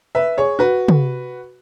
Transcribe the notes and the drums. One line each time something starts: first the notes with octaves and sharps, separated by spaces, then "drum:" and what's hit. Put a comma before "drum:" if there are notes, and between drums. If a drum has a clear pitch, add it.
B4 E5
G#4 C#5
F#4 B4
drum: tom